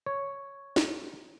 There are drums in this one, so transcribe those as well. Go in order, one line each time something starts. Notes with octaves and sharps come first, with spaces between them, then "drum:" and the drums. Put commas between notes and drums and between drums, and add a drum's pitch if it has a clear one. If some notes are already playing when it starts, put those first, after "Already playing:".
C#5
drum: snare